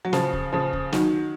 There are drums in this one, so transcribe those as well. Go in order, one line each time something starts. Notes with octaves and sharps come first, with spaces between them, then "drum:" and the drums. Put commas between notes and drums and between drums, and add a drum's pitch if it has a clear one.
F#3
C#3 F3, drum: snare
drum: kick
C#3 F3
drum: kick
D#3 F#3, drum: snare